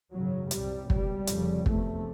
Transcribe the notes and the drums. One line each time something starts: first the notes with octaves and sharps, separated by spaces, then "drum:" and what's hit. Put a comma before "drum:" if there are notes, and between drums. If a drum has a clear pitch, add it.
G#1 F#2 C#3 F#3
C2 C3 G3, drum: hi-hat
C#2 B2 G3, drum: kick
F1 F2 C#3, drum: hi-hat
F1 E2 C3 A3, drum: kick